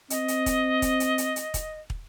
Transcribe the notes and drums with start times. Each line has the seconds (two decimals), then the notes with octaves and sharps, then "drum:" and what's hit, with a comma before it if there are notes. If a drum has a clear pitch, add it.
0.10 C4 D#5, drum: hi-hat
0.28 drum: hi-hat
0.46 drum: kick, hi-hat
0.82 drum: kick, hi-hat
1.00 drum: hi-hat
1.18 drum: hi-hat
1.36 drum: hi-hat
1.54 drum: kick, hi-hat
1.90 drum: kick